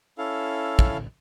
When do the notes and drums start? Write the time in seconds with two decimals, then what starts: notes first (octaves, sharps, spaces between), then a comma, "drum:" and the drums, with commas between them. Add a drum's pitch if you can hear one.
0.18 C#4 E4 A4 F5
0.79 drum: kick